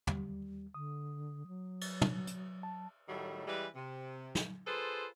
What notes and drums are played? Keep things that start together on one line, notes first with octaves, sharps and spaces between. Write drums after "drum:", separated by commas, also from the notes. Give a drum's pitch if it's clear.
D#2 G3, drum: tom
D3 D#6
F#3
drum: cymbal
drum: tom
drum: hi-hat
A5
A2 D#3 F#3 G3 A3
E3 G3 G#3 E4 B4
C3
drum: snare
F4 G#4 A4 B4 C5